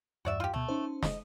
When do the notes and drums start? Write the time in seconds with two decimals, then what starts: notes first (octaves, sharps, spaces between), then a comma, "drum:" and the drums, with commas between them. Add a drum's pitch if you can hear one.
0.25 E2 G2 F#4 D5 E5
0.40 F4 G4
0.54 D2 B2 A3
0.69 C#4 D#4 C5
1.03 D#5, drum: snare